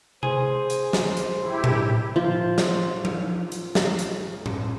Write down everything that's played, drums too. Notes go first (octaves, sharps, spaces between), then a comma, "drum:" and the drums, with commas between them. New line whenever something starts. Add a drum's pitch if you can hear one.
G#4 C5, drum: tom C3
drum: hi-hat
drum: snare
drum: hi-hat
E4 G4
drum: tom A2
F3 F4
drum: snare
drum: tom F3
drum: hi-hat
drum: snare
drum: hi-hat
drum: tom A2